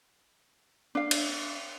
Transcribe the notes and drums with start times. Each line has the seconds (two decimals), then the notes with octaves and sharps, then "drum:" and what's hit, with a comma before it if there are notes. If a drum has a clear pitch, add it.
0.95 D4 F5
1.11 drum: cymbal